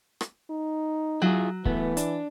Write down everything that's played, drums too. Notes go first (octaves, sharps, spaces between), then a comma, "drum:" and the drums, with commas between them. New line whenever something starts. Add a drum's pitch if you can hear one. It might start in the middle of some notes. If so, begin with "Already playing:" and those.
drum: rim click
D#4
F#3 E4 F4 G#4
E3 A3 B3, drum: kick C#1
D4, drum: hi-hat